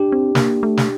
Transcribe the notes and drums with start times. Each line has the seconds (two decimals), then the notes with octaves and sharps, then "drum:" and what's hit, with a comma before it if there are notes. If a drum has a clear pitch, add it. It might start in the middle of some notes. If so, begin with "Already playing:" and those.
Already playing: D4 G4
0.12 C4
0.35 A#3, drum: snare
0.63 A3
0.77 drum: snare